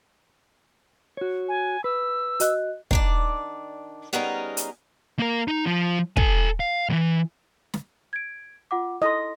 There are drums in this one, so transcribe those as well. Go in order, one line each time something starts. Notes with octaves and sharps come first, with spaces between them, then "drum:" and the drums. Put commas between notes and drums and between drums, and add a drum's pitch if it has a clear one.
F#4 C#5
G#5
B4 E6
F#4 D#5 F#6, drum: hi-hat
D#3 D4 D5, drum: kick
G3 B3 C#4 D#4 G#4 A#4
drum: hi-hat
A#3 A#4
D#4
F3 F4
A4 G#5, drum: kick
F5
D#2 E3
drum: snare
G#6 D7
F4 F#5 D6
E4 A4 D#5 C6